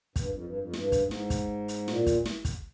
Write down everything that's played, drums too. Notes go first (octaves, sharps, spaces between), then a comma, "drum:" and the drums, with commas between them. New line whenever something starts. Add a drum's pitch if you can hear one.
G2, drum: kick, hi-hat
F2
G2
F2
G2, drum: snare
drum: kick, hi-hat
G#2
drum: snare
drum: kick, hi-hat
drum: hi-hat
A#2, drum: snare
drum: kick, hi-hat
drum: snare
drum: kick, hi-hat